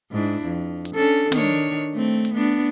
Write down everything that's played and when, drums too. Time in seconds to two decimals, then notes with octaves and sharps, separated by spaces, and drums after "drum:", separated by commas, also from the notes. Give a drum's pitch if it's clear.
0.11 G#2 D4 E4
0.44 F2
0.85 drum: hi-hat
0.95 C#4 D4 A4
1.32 D#3 D4 C#5, drum: snare
1.93 A3 C4
2.25 drum: hi-hat
2.34 A3 B3 D4